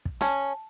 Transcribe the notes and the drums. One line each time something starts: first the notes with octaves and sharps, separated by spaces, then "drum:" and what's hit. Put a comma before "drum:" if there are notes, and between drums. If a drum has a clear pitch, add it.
drum: kick
C#4 A5, drum: snare